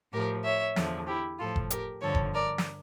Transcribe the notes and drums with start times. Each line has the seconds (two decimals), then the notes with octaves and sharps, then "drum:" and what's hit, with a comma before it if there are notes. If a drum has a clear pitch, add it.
0.13 A2 F3 G4 A#4
0.44 C#5 E5
0.76 E2 D3 F3, drum: snare
1.07 E4 G4
1.39 A2 F3 F4 A4
1.56 drum: kick F#1
1.70 G4 A#4, drum: hi-hat
2.02 G2 D3 F3 A4 C#5
2.15 drum: kick F#1
2.34 A#4 D5
2.58 drum: snare